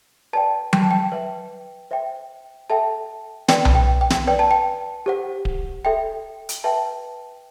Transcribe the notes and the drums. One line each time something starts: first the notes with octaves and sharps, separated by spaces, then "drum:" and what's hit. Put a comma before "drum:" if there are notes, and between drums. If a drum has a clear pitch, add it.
B4 D5 G5 A5
G5, drum: tom F#3
A5
G5
B4 E5 G5
C5 E5 G5
A4 E5 G5 A5
B4 D5 G5, drum: snare
drum: tom B1
G5
G5
drum: snare
B4 D5 G5
A5
G5
G4 C5 F#5
drum: kick D1
A4 E5 G5
drum: hi-hat
B4 E5 G5 A5